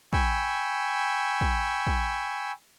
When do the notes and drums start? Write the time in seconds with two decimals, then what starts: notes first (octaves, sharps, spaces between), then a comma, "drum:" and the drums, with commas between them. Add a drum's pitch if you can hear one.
0.13 G5 G#5 B5 C#6 E6, drum: kick
1.41 drum: kick
1.87 drum: kick